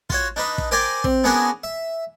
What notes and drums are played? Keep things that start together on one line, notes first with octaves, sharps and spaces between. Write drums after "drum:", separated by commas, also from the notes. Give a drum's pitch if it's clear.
F4 F#4 C#5, drum: kick
D4 D#4 B4
drum: kick
G4 A#4 C5 D5 G#5
C4, drum: kick
B3 C#4 D4 F#4 G#4 A#4
E5